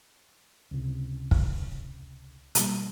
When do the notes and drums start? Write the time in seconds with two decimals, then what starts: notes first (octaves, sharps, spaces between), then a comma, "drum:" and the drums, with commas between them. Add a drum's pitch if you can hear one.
0.71 C#2 C3
1.31 drum: kick
2.55 B2 F3 G3 A#3, drum: hi-hat